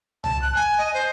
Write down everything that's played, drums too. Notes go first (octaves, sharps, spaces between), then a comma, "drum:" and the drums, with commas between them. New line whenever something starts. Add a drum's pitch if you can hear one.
A5, drum: tom C2
F#6
G#5
D#5
C5